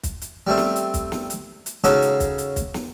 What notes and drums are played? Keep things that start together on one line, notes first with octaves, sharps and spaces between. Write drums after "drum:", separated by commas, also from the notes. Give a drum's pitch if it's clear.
drum: kick, hi-hat
drum: hi-hat
G3 A3 C4
drum: snare
drum: hi-hat
drum: kick, hi-hat
drum: snare
drum: hi-hat
drum: hi-hat
C#3 C#4 D#4 F#4 A4, drum: hi-hat
drum: hi-hat
drum: kick, hi-hat
drum: hi-hat
drum: kick, hi-hat
drum: snare